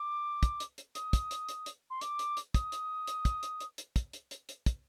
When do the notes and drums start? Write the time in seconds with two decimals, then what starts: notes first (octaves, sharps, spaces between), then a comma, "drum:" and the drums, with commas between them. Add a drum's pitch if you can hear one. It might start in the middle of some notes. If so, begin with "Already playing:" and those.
Already playing: D6
0.43 drum: kick, hi-hat
0.60 drum: hi-hat
0.78 drum: hi-hat
0.95 D#6, drum: hi-hat
1.13 drum: kick, hi-hat
1.31 drum: hi-hat
1.49 drum: hi-hat
1.66 drum: hi-hat
1.90 C6
2.01 D6, drum: hi-hat
2.19 drum: hi-hat
2.37 drum: hi-hat
2.54 D#6, drum: kick, hi-hat
2.72 drum: hi-hat
3.07 drum: hi-hat
3.25 drum: kick, hi-hat
3.43 drum: hi-hat
3.60 drum: hi-hat
3.78 drum: hi-hat
3.96 drum: kick, hi-hat
4.13 drum: hi-hat
4.31 drum: hi-hat
4.49 drum: hi-hat
4.66 drum: kick, hi-hat